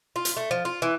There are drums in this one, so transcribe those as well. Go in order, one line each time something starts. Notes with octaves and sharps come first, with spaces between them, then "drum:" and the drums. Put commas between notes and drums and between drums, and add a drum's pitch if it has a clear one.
F4
drum: hi-hat
A3
F3
F4
E3